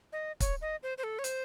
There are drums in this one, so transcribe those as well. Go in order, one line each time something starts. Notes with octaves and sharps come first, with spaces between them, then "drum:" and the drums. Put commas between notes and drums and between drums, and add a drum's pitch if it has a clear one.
D#5
C#5, drum: kick, hi-hat
D#5
C5
C5
A4
C#5
C5, drum: hi-hat